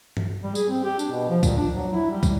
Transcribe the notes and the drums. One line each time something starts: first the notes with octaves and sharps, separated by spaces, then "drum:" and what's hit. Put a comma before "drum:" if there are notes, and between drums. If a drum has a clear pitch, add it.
drum: tom G2
G3
G#4, drum: tambourine
C4
G4
D4, drum: tambourine
B2
F3
A#2, drum: kick, tambourine
D4
F#3
E4
G3
drum: kick, tambourine